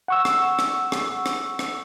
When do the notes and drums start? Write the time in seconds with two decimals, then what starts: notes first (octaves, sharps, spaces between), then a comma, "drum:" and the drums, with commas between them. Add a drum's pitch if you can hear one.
0.08 F#5 C#6 E6
0.25 drum: rim click
0.59 drum: rim click
0.92 drum: rim click
1.26 drum: rim click
1.59 drum: rim click